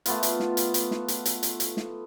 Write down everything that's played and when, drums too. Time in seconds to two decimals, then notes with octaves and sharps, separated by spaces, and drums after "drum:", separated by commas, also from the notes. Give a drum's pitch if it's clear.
0.06 A3 B3 F4, drum: hi-hat
0.23 drum: hi-hat
0.40 drum: snare
0.57 drum: hi-hat
0.74 drum: hi-hat
0.91 drum: snare
1.08 drum: hi-hat
1.25 drum: hi-hat
1.43 drum: hi-hat
1.60 drum: hi-hat
1.77 drum: snare